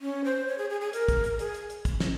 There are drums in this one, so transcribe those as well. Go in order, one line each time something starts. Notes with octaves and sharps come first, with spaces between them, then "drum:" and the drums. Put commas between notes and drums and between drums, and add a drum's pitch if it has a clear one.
C#4
C5
C#5
G#4
G#4
G#4
A#4, drum: hi-hat
drum: kick, hi-hat
drum: hi-hat
G#4, drum: hi-hat
drum: hi-hat
drum: hi-hat
drum: kick, hi-hat
drum: snare